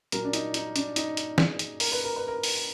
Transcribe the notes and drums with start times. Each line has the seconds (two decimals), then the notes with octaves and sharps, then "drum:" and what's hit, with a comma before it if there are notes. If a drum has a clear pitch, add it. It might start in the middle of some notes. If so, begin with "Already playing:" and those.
0.12 A#2 F#3 A#3 A#4, drum: hi-hat
0.25 D4
0.33 D#4, drum: hi-hat
0.54 D#4, drum: hi-hat
0.76 D4, drum: hi-hat
0.96 D#4, drum: hi-hat
1.17 drum: hi-hat
1.38 G#4, drum: snare
1.59 drum: hi-hat
1.80 A#4, drum: open hi-hat
1.92 B4
2.04 A#4
2.16 B4
2.28 A#4
2.43 drum: open hi-hat